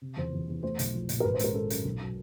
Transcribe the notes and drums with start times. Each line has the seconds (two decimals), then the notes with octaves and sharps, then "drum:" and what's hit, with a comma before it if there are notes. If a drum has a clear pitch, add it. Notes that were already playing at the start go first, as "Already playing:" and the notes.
0.01 C3
0.17 E2 C5
0.33 E2
0.48 E2
0.63 A3 C5
0.79 B1, drum: hi-hat
0.93 F3
1.09 A#2, drum: hi-hat
1.20 A#4
1.24 G#1 B4
1.34 C5
1.39 G#3 A#4, drum: hi-hat
1.54 G#3 A4
1.70 F#2, drum: hi-hat
1.85 B1
2.00 F#3